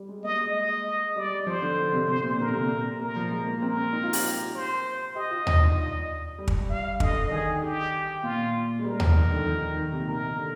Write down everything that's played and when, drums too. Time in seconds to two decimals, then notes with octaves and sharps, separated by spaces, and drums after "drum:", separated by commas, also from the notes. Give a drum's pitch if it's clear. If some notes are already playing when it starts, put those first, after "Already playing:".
Already playing: G3
0.09 G#3
0.24 A#3 D#5
0.39 G#3
0.54 D#5
1.16 G3 D5
1.31 G3
1.47 F3 C5
1.62 D3
1.93 C3
2.08 C3 C5
2.23 A#2
2.39 D3 A#4
2.46 C3
2.54 A#2
2.61 C3
3.00 A#2 A#4
3.16 F3
3.31 G#3
3.47 A#3
3.62 C4 A#4
3.77 C4
3.93 D#4
4.03 F4
4.13 G4, drum: open hi-hat
4.23 F4
4.54 C5
5.16 G4 D#5
5.31 F4
5.47 D#4, drum: tom D#2
5.62 D4
5.77 D#5
6.38 G3
6.48 drum: kick
6.69 F5
7.00 D3 D#5, drum: kick
7.31 D#3 G#4
7.61 G4
8.23 A#2 F4
8.79 G#3
8.85 G3 A#4
9.00 F3, drum: tom D#2
9.15 D#3
9.31 D3
9.46 D#3
9.77 D#3
9.92 C3
9.99 A#2
10.06 C3 A#4
10.38 D3